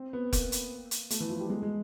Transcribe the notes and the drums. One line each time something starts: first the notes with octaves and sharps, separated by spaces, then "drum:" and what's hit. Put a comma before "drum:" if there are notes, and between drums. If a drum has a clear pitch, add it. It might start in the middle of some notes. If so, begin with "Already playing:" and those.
Already playing: C4
B3
A#3, drum: kick F1, hi-hat
drum: hi-hat
drum: hi-hat
A3, drum: hi-hat
E3
F3
G3
G#3
G#3